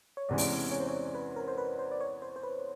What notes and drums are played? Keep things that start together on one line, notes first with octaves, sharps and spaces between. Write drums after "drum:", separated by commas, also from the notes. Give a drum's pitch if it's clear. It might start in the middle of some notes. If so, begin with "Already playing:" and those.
C#5
E2 C3 E3 G#3 C#4 D5
drum: open hi-hat
C#5
C5
C#5
B4
A#4
C5
B4
C5
D5
C#5
C5
C5
B4